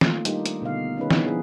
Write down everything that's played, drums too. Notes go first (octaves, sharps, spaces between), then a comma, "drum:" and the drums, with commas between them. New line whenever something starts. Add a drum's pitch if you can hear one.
D#3 A3 A#3 F4, drum: snare
G3 D4 D#4 G4 A#4, drum: hi-hat
drum: hi-hat
B2 D3 D#4 F5
D#3 C#4 D#4 G#4 B4
E3 B3 D4 D#4, drum: snare
F3 G#4